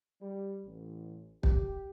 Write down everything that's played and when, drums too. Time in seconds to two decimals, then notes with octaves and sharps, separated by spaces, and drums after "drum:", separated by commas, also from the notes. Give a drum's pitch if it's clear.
0.21 G3
0.66 A1
1.43 G4, drum: kick